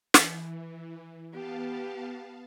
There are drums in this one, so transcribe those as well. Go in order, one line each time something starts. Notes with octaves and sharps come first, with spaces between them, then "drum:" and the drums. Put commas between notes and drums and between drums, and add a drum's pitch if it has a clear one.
E3, drum: snare
B3 G4 F5 A5